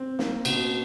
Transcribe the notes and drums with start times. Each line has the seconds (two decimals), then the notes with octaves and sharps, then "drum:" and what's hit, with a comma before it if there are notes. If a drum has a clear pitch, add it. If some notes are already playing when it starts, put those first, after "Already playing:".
Already playing: C4
0.19 A#3, drum: snare
0.45 B2, drum: cymbal